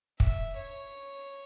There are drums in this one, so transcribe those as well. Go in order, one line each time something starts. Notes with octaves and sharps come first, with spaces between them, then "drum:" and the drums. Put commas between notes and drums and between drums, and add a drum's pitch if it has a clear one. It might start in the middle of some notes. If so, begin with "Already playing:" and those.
E5, drum: kick
C#5